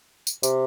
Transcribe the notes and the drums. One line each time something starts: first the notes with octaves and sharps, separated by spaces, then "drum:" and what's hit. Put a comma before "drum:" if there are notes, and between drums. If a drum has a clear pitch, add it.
drum: tambourine
C3, drum: tambourine